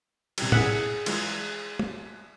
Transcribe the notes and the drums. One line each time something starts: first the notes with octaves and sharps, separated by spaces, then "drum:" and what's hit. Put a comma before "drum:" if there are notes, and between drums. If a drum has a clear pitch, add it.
C3 G3, drum: cymbal
E4 G#4 E5 F#5, drum: tom
E3 G#3 F4, drum: cymbal
drum: tom